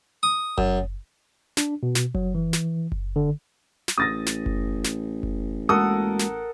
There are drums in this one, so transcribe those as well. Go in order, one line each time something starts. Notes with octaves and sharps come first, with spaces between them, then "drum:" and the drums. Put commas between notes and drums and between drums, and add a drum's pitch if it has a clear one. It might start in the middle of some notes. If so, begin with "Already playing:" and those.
D#6
F#2, drum: kick F#1
D4, drum: snare
B2
drum: snare
F#3, drum: kick F#1
E3
drum: snare
drum: kick F#1
D3
drum: snare
A1 D#6 A6 A#6
drum: snare
drum: kick F#1
drum: snare
drum: kick F#1
G#3 A#3 F#4 A4 A#4 F#5 D#6
drum: snare